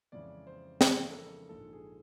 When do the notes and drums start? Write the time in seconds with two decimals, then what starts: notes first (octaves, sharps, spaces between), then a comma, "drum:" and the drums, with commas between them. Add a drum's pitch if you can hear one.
0.12 F2 C#3 E3 G#3 D5
0.47 C5
0.81 F2 C#3 E3 G#3 A#4, drum: snare
1.10 A4
1.16 A#4
1.49 A#1 G#2 F3 G#3 A4
1.73 G#4